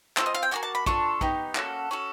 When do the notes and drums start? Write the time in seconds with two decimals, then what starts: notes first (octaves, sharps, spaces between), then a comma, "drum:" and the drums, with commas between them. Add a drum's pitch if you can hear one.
0.17 C4 F4 A4 D5, drum: clap
0.26 D#5
0.34 F5
0.43 G5
0.51 A#3 D4 F#4 G#5
0.63 A5
0.75 B5
0.86 D4 F4 A4 C#6, drum: kick
1.21 B3 D#4 G4, drum: kick
1.55 A#3 C#4 F#4 A4, drum: clap
1.91 C#4 F#4 A4